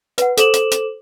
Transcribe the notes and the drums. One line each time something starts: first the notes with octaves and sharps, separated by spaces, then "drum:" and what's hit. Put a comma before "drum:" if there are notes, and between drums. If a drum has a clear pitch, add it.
B4 F#5, drum: hi-hat
A4 C5 D6 E7 F#7, drum: hi-hat
drum: hi-hat
drum: hi-hat